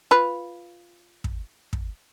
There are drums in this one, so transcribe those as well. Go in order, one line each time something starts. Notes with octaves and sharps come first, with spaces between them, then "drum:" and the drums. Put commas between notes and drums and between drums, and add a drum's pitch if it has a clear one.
F4 B4
drum: kick
drum: kick